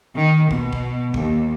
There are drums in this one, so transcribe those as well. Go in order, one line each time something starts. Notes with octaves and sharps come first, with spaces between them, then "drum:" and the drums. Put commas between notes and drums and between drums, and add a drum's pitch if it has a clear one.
D#3
B2, drum: kick
drum: kick
D#2, drum: kick